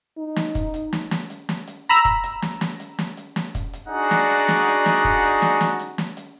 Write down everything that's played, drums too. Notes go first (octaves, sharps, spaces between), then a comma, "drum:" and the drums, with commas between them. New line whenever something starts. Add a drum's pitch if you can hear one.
D#4
drum: snare
drum: kick, hi-hat
drum: hi-hat
drum: snare
drum: snare
drum: hi-hat
drum: snare
drum: hi-hat
A#5 B5 E6
drum: kick, hi-hat
drum: hi-hat
drum: snare
drum: snare
drum: hi-hat
drum: snare
drum: hi-hat
drum: snare
drum: kick, hi-hat
drum: hi-hat
D4 D#4 F#4 G#4 D5 F#5
drum: snare
drum: hi-hat
drum: snare
drum: hi-hat
drum: snare
drum: kick, hi-hat
drum: hi-hat
drum: snare
drum: snare
drum: hi-hat
drum: snare
drum: hi-hat